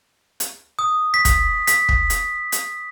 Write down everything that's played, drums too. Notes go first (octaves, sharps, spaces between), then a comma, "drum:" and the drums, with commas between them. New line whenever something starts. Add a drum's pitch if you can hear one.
drum: hi-hat
D#6
B6
drum: kick, hi-hat
B6, drum: hi-hat
drum: kick
drum: hi-hat
drum: hi-hat